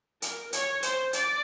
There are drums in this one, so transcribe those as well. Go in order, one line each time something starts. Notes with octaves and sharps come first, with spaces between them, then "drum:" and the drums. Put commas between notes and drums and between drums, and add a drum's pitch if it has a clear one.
A#4, drum: hi-hat
C#5, drum: hi-hat
C5, drum: hi-hat
D5, drum: hi-hat